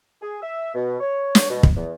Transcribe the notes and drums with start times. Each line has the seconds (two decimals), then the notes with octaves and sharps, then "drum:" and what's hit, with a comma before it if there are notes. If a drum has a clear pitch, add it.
0.21 G#4
0.42 E5
0.75 B2
1.00 C#5
1.35 drum: snare
1.49 B2
1.63 drum: kick
1.76 E2